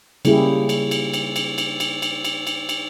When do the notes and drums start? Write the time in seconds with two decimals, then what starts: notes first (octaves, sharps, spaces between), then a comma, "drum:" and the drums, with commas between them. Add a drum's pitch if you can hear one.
0.25 C#3 G3 A#3 E4 G4 G#4, drum: cymbal
0.69 drum: cymbal
0.91 drum: cymbal
1.14 drum: cymbal
1.36 drum: cymbal
1.58 drum: cymbal
1.80 drum: cymbal
2.02 drum: cymbal
2.25 drum: cymbal
2.47 drum: cymbal
2.69 drum: cymbal